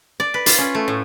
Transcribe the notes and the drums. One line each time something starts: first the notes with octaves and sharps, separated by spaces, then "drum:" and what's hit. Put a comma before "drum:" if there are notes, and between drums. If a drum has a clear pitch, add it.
D5
B4
F4, drum: hi-hat
C#4
A3
A2